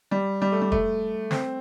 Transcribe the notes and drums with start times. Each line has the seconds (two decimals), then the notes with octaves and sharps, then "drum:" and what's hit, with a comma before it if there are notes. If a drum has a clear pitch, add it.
0.11 G3
0.42 G3
0.52 A3
0.62 G3
0.72 A3, drum: kick
1.31 C4, drum: snare